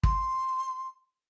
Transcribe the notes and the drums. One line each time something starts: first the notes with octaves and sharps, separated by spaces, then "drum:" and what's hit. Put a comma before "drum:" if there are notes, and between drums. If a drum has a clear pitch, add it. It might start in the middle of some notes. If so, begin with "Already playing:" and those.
C6, drum: kick